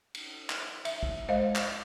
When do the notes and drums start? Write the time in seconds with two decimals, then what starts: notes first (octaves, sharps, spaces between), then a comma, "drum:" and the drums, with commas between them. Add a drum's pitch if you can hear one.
0.15 drum: cymbal
0.50 drum: clap
0.85 E5, drum: cymbal
1.03 drum: kick
1.28 G#3 C5 D#5 F5
1.56 drum: clap